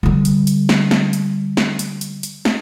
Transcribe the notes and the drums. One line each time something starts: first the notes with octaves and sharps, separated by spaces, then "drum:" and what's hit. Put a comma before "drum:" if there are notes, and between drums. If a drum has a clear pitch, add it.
D3 G3
drum: hi-hat
drum: hi-hat
drum: snare
drum: snare
drum: hi-hat
drum: snare
drum: hi-hat
drum: hi-hat
drum: hi-hat
drum: snare